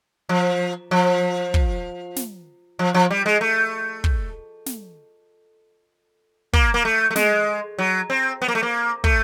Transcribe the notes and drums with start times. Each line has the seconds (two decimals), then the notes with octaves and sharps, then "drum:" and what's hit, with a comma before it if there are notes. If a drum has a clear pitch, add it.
0.29 F3
0.91 F3
1.54 drum: kick
2.16 drum: snare
2.79 F3
2.94 F3
3.10 G3
3.26 G#3
3.41 A3
4.04 drum: kick
4.66 drum: snare
6.53 A#3, drum: kick
6.74 A#3
6.85 A3
7.11 A3
7.16 G#3, drum: snare
7.78 F#3
8.10 C4
8.42 B3
8.48 A#3
8.55 A3
8.63 A#3
9.04 A3, drum: kick